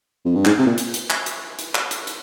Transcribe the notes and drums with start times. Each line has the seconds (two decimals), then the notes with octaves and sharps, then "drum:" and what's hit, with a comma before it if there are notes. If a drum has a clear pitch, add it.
0.25 F2
0.35 G2
0.45 G#2, drum: clap
0.58 C3
0.66 A#2
0.78 drum: hi-hat
0.94 drum: hi-hat
1.10 drum: clap
1.26 drum: hi-hat
1.59 drum: hi-hat
1.75 drum: clap
1.91 drum: hi-hat
2.07 drum: hi-hat